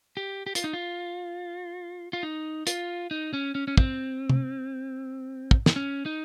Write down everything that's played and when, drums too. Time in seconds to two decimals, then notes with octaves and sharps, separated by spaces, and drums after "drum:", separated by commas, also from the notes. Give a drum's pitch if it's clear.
0.17 G4
0.47 G4
0.55 F4, drum: hi-hat
0.64 D#4
0.73 F4
2.13 F4
2.23 D#4
2.67 F4, drum: hi-hat
3.11 D#4
3.33 C#4
3.55 C#4
3.68 C#4
3.77 C4, drum: kick
4.30 drum: tom
5.51 drum: kick
5.66 drum: snare
5.76 C#4
6.06 D#4